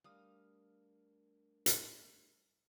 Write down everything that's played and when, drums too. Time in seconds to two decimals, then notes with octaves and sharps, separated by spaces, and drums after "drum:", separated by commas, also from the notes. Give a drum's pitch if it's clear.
0.04 G3 A3 D4 A#4 F5 D#6
1.66 drum: hi-hat